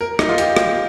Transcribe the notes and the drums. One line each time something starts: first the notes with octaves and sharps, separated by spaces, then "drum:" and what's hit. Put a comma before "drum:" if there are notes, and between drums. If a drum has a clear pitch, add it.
A#4
D#4, drum: rim click
F4
G4, drum: hi-hat
drum: rim click